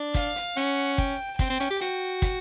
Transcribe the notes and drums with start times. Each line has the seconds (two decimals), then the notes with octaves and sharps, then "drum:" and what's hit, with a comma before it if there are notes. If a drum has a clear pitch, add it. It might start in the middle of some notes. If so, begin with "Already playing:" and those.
Already playing: D4
0.14 F5, drum: kick, hi-hat
0.36 drum: hi-hat
0.57 C#4 F#5, drum: hi-hat
0.98 G5, drum: kick
1.39 C4 G5, drum: kick, hi-hat
1.50 C4
1.60 C#4, drum: hi-hat
1.70 G4
1.80 F#4 G5, drum: hi-hat
2.22 drum: kick, hi-hat